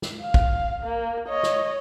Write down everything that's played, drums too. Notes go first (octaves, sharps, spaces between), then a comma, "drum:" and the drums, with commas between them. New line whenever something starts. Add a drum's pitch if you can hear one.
drum: snare
F5
drum: kick
A#3
C#5 D#5
drum: snare